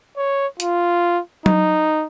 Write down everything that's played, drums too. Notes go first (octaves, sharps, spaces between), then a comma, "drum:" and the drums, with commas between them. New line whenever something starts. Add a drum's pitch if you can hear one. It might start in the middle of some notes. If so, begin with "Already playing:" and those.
C#5
F4, drum: hi-hat
D#4, drum: tom F#3